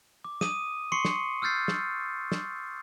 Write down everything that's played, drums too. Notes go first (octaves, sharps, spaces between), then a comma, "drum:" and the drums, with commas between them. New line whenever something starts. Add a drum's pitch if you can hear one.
D6
D#6 D#7, drum: snare
C6 C#6 C7 C#7
drum: snare
E6 F6 G6 A6 C7
drum: snare
drum: snare